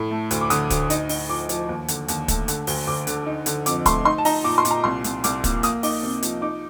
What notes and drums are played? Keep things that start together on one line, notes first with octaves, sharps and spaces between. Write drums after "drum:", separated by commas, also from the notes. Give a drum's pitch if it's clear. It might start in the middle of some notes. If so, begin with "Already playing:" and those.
Already playing: A2
A3
D2, drum: hi-hat
D6
D3 D#6, drum: hi-hat
D2, drum: kick, hi-hat
D#4, drum: hi-hat
D#4, drum: open hi-hat
F3 D6
F3, drum: hi-hat
D#2
D3, drum: hi-hat
D#2, drum: hi-hat
A3, drum: kick, hi-hat
D3, drum: hi-hat
D2, drum: open hi-hat
D2 D6
D3, drum: hi-hat
D#4
D3, drum: hi-hat
F2 D6, drum: hi-hat
A3 C6, drum: kick, hi-hat
D#4 C6
A5
D#4 A#5, drum: open hi-hat
A#2 D6
C6
A#2, drum: hi-hat
A#5
C2 C6
C2, drum: hi-hat
C2 D6, drum: hi-hat
A#3, drum: kick, hi-hat
A#3 D#6, drum: hi-hat
D#4 D6, drum: open hi-hat
C3
F3, drum: hi-hat
D#4 D6